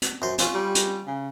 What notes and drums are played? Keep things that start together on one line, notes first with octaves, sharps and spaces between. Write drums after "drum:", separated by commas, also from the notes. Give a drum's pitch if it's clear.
drum: hi-hat
F#2 C5
C#4 F4 G#5, drum: hi-hat
G3
drum: hi-hat
C#3